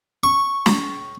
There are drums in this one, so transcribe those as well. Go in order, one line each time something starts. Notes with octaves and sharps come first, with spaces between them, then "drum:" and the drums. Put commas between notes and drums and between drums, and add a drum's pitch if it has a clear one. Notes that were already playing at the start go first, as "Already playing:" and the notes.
C#6
drum: snare